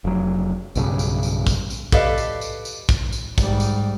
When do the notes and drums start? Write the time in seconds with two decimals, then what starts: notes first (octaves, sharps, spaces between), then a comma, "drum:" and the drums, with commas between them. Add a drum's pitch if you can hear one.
0.04 F1 F#3
0.75 B1 G2 C#3, drum: tambourine
0.99 drum: tambourine
1.23 drum: tambourine
1.47 drum: kick, tambourine
1.70 drum: tambourine
1.92 G4 A4 B4 D5 D#5 F5, drum: kick, tambourine
2.18 drum: tambourine
2.41 drum: tambourine
2.65 drum: tambourine
2.89 drum: kick, tambourine
3.12 drum: tambourine
3.38 G#2 G3, drum: kick, tambourine
3.60 drum: tambourine